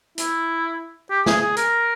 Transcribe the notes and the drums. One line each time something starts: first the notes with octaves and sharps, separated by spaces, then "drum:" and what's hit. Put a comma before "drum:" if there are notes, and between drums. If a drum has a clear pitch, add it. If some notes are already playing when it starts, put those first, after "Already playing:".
E4, drum: hi-hat
G4
G#4, drum: snare
G#4
A#4, drum: hi-hat